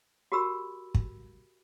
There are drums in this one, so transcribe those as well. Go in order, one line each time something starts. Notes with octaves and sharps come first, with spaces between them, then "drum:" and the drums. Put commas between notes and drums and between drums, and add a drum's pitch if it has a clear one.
F#4 G4 A#4 B5 E6
drum: kick